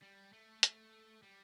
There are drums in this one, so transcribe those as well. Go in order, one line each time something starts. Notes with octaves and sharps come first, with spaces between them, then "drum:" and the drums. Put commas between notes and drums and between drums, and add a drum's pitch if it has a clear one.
G3
A3
A3, drum: hi-hat
G3